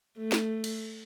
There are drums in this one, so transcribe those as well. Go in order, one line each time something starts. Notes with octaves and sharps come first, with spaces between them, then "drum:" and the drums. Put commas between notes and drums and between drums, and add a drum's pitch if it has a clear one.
A3
drum: snare
drum: cymbal